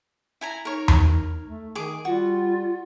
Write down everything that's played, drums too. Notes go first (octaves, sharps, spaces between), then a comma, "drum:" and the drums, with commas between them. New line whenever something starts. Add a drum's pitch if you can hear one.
E4 G#5 A#5
D#4 A#4 C#5
drum: tom E2
A3
D#3 G#4 D6
G3 F4 F#4